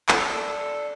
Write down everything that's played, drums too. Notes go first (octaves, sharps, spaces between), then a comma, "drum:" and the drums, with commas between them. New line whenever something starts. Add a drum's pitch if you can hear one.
D4 A4, drum: clap